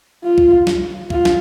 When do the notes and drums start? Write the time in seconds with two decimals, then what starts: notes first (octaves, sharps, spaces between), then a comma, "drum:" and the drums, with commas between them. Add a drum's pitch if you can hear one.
0.23 F4
0.38 drum: kick C2
0.67 drum: snare
1.10 F4, drum: kick C2
1.25 drum: snare